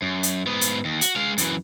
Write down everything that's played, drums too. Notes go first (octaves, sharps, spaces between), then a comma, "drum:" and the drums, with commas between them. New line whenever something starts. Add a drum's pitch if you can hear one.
F#2
drum: hi-hat
G#2 B3
drum: hi-hat
D#2
F#4, drum: hi-hat
G#3 F5
F#2 E3, drum: hi-hat